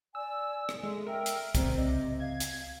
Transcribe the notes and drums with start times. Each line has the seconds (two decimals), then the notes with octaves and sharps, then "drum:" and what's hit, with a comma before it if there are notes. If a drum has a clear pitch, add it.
0.15 D5 G#5 E6
0.69 drum: rim click
0.83 G#3 G#4 A4 E5
1.07 A#4 E5 G5 E6
1.26 drum: hi-hat
1.55 C#2 C3 G#3 C4 C5 D5 A#5, drum: kick C2, hi-hat
1.77 D#5
2.20 F5 G#6
2.40 drum: hi-hat